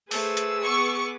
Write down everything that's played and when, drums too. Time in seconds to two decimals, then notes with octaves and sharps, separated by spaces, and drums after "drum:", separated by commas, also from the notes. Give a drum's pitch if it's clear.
0.11 A3 G#4 B4 C5 E6, drum: open hi-hat
0.37 drum: hi-hat
0.64 B3 C#6 D6